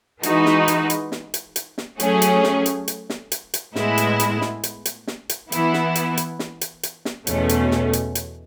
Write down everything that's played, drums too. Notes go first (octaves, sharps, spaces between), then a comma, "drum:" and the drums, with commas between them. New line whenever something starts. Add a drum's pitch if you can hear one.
E3 G#3 D#4 F#4 B4, drum: hi-hat
drum: snare
drum: hi-hat
drum: hi-hat
drum: snare
drum: hi-hat
drum: hi-hat
drum: snare
F#3 A3 C#4 G#4, drum: hi-hat
drum: hi-hat
drum: snare
drum: hi-hat
drum: hi-hat
drum: snare
drum: hi-hat
drum: hi-hat
A2 G#3 B3 E4, drum: snare
drum: hi-hat
drum: hi-hat
drum: snare
drum: hi-hat
drum: hi-hat
drum: snare
drum: hi-hat
E3 B3 E4, drum: hi-hat
drum: snare
drum: hi-hat
drum: hi-hat
drum: snare
drum: hi-hat
drum: hi-hat
drum: snare
E2 B2 A3 C#4, drum: hi-hat
drum: hi-hat
drum: snare
drum: hi-hat
drum: hi-hat